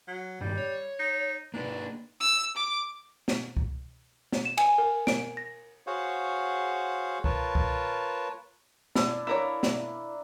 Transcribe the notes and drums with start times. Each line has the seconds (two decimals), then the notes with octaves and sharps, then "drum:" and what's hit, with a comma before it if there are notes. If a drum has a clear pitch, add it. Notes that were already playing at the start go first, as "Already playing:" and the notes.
0.07 F#3
0.41 G2 D#3 G3
0.58 C#5
0.99 D#4
1.54 A#3 D4 D#4 B4
2.20 E6
2.56 D6
3.28 drum: snare
3.57 drum: kick C2
4.32 drum: snare
4.45 E7
4.58 G#5, drum: cymbal
4.78 A#4
5.07 D7, drum: snare
5.37 A#6
5.87 F#4 G#4 C5 C#5 F5 F#5
7.24 F4 A#4 B4 C#5 A5, drum: kick C2
7.55 drum: kick C2
8.95 D4 E4, drum: snare
9.27 A#3 D4 E4 A#4 C#5
9.63 drum: snare